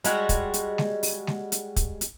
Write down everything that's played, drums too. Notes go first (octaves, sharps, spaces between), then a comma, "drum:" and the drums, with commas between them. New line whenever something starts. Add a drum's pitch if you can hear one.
G3 G#3 F#4, drum: hi-hat
drum: kick, hi-hat
drum: hi-hat
drum: snare G#3
drum: open hi-hat
drum: snare G#3
drum: hi-hat
drum: kick, hi-hat
drum: hi-hat